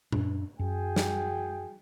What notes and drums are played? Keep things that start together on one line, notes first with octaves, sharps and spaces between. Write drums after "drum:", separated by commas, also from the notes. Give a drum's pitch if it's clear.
F#2 D4, drum: tom A#2
F#2 F#4 G#4 G5
drum: snare